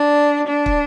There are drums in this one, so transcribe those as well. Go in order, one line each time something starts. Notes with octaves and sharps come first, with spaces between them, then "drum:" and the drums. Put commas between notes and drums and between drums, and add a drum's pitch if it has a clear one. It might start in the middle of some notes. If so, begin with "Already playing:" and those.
Already playing: D4
D4
drum: kick